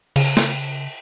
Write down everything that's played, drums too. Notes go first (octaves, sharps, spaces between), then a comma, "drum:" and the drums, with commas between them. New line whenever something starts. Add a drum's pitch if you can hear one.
C#3, drum: cymbal
drum: snare